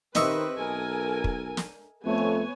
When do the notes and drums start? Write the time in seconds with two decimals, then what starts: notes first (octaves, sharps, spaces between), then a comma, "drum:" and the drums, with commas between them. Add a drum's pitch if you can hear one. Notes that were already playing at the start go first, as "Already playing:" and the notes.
0.15 D#3 C4 G4 B4 D#5 E5 C#6, drum: snare
0.58 B1 A4 A#4 G#5
1.24 drum: kick
1.57 drum: snare
2.05 F2 A3 B3 C#5 G#5